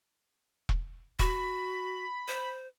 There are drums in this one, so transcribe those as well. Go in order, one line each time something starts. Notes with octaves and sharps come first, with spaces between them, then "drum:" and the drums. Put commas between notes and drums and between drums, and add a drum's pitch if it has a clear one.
drum: kick E1
F#4 B5, drum: kick E1
C5